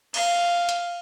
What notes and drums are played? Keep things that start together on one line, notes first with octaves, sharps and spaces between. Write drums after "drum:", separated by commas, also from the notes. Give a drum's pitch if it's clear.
F5, drum: cymbal
drum: hi-hat